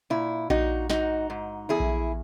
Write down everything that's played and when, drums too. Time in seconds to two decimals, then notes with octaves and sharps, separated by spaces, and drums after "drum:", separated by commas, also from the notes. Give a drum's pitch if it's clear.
0.10 A#2 E4
0.50 A#2 D#4 F#4, drum: kick A#1
0.90 G#2 D#4 F#4, drum: snare
1.30 G#2
1.69 E2 E4 G#4
1.80 drum: kick A#1